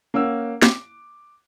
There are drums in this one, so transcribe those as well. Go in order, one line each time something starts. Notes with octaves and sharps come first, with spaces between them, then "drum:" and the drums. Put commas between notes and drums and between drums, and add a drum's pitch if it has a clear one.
A#3 C#4 F#5 E6
D6, drum: snare